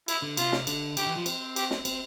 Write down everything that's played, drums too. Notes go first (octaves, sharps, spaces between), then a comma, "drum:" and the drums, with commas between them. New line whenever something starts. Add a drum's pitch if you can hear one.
E4, drum: cymbal
D3
C3 F4, drum: cymbal
drum: snare
D3, drum: cymbal
D3 G4, drum: cymbal
E3
F3
C4, drum: cymbal
G4, drum: cymbal
drum: snare
C4, drum: cymbal